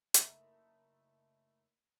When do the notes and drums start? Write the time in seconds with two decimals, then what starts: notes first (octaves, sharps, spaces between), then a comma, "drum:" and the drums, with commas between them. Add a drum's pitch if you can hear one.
0.14 F#1 A3 D#4 E5 A5 A#5, drum: hi-hat